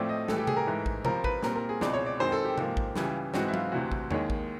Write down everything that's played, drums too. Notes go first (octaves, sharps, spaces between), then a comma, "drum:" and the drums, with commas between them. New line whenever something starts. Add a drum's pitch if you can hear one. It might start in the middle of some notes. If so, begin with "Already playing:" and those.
Already playing: A2 F3 A3 C4 D5
D#5
A2 E3 G3 A4, drum: snare
G4
G#4, drum: tom C3
A#4
G#2 E3 A3
drum: kick A1
C#2 C3 F3 A#4, drum: tom C3
B4, drum: kick A1
A#2 G3 C4 A#4, drum: snare
A#4
G#4
C#2 B2 G#3 C4 D5, drum: snare
C#5
D5
F#2 D#3 G#3 C4 C5
A4
G4
G#2 F3 A#3, drum: tom C3
drum: kick A1
C#2 C#3 E3 G3, drum: snare
G#2 E3 G#3 C4 F#4, drum: snare
E4
F4, drum: tom F#3
D2 C3 E3 F#4
drum: kick A1
D#2 D#3 G#3 C#5, drum: tom E2
drum: kick A1